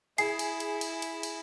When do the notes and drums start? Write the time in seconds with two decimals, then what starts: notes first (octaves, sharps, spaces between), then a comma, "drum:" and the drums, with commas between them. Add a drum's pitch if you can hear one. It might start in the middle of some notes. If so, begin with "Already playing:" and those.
0.18 E4 G#4 C7, drum: cymbal
0.39 drum: cymbal
0.60 drum: cymbal
0.81 drum: cymbal
1.02 drum: cymbal
1.23 drum: cymbal